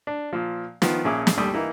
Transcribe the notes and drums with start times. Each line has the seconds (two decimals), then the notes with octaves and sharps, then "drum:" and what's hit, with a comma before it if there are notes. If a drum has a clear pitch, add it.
0.07 D4
0.33 A#2 F3
0.82 D#3 F3 B3, drum: snare
1.04 A#1 A#2 C#4 G#4 E5 D6
1.27 drum: snare
1.38 G#1 D#2 G3 A3 D#6
1.54 E3 A#3 D#4 E4